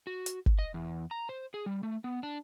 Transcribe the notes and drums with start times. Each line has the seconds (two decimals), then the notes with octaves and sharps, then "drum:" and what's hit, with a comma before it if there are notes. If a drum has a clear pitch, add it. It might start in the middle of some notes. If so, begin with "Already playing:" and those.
0.07 F#4
0.26 drum: hi-hat
0.46 drum: kick
0.59 D#5
0.74 E2
1.11 A#5
1.29 C5
1.54 G#4
1.66 G3
1.83 A3
2.04 B3
2.23 D4